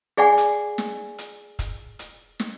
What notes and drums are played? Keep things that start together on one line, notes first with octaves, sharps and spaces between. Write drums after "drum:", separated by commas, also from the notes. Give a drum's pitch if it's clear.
G#4 D5 F#5 G#5
drum: hi-hat
drum: snare
drum: hi-hat
drum: kick, hi-hat
drum: hi-hat
drum: snare